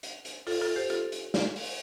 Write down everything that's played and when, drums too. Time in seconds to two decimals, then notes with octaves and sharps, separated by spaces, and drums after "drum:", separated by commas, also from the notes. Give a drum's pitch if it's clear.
0.03 drum: hi-hat
0.25 drum: hi-hat
0.47 F4 A4, drum: open hi-hat
0.61 F4 A4
0.76 G4 C5
0.90 F4 A4, drum: hi-hat
1.12 drum: hi-hat
1.34 drum: snare
1.56 drum: open hi-hat